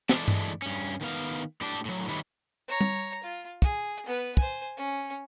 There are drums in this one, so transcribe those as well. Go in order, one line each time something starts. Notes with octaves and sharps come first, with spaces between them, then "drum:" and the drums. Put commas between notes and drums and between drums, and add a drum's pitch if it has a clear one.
D3 E3 G#3 A3 D5 A5, drum: snare
drum: tom G2
G2 C#4
D#3 B3 F5
A2 D4 G4 D5 A5
A2 F#3
D3 D#3 G3 E4 B4 C#5
C#5 A#5
drum: tom G3
F4
G#4, drum: kick
B3 B4
C5 G#5, drum: kick
C#4